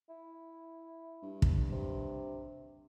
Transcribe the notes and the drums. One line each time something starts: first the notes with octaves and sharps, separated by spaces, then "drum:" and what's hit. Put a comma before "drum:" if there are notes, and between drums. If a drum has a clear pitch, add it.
E4
G2
drum: kick
C3